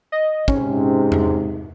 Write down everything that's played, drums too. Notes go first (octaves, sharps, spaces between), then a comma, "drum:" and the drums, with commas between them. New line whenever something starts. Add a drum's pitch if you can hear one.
D#5
G#2 C3 C#4, drum: kick
drum: tom E2